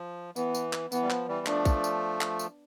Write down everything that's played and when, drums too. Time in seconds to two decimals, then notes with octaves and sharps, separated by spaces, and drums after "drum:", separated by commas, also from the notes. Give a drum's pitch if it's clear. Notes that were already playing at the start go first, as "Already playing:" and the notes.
Already playing: F3
0.36 E3 B3, drum: tambourine
0.55 drum: tambourine
0.73 drum: clap
0.92 E3 B3, drum: tambourine
1.03 G3
1.10 F3, drum: clap
1.28 E3 G3
1.46 F3 A3 D4, drum: clap
1.65 drum: kick, tambourine
1.84 drum: tambourine
2.21 drum: clap
2.39 drum: tambourine